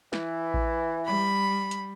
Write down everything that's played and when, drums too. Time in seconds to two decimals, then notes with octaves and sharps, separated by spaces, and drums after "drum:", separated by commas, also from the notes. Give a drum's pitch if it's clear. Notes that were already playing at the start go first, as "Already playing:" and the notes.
0.13 E3, drum: snare
0.54 drum: kick A1
1.06 G3 B5
1.71 drum: hi-hat